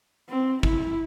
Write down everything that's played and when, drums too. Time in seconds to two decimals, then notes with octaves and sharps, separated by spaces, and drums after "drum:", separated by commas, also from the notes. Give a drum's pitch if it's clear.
0.29 C4
0.63 E4, drum: kick G#1